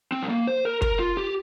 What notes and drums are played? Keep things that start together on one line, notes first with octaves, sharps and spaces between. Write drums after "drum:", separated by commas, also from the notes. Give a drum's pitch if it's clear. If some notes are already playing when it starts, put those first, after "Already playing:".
C4
G3
A#3
C5
A#4
A#4, drum: kick
F4
G4